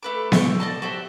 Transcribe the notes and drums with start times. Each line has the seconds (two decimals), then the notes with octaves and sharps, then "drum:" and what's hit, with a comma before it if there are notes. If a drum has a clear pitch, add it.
0.03 A3 B4 D6
0.32 E4 G5 C#6, drum: snare B3
0.60 D5 D#5 A5
0.82 F#4 G4 C5 E5